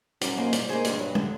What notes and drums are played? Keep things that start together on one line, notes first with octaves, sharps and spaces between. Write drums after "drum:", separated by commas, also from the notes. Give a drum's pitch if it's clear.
F#2 G3, drum: hi-hat
A#3 D#4 G#4 C5
G3, drum: hi-hat
A#3 D#4 G#4 C5
G2 D3, drum: hi-hat
F#3 B3
D3, drum: tom